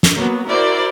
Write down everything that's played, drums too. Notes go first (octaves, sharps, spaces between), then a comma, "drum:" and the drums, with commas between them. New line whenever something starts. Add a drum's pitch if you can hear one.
drum: snare
F#3 A#3 B3
E4 F#4 A#4 C5 D5